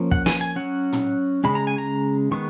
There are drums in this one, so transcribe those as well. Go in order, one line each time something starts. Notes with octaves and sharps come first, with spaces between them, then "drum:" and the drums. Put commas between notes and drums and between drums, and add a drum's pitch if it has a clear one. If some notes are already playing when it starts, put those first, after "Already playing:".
Already playing: F3 A#3 C#4
F#5, drum: kick
G#5, drum: snare
G#5
F#3 C#4 F#5
drum: tom
C#3 G#3 C#4 B5
A#5
G#5
A#5
D#3 G#3 B3 C#6